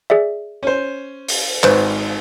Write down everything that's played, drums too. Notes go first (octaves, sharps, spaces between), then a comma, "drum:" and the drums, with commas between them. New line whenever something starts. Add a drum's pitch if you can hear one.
G#4 D5 E5
C#4 C5
drum: open hi-hat
G#1 B4 C5, drum: clap